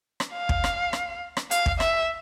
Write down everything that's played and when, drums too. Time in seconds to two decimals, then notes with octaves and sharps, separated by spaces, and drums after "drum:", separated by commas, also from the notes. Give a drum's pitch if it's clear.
0.20 drum: rim click
0.34 F5
0.49 drum: kick
0.64 drum: rim click
0.93 drum: rim click
1.37 drum: rim click
1.51 F5, drum: hi-hat
1.66 drum: kick
1.80 E5, drum: rim click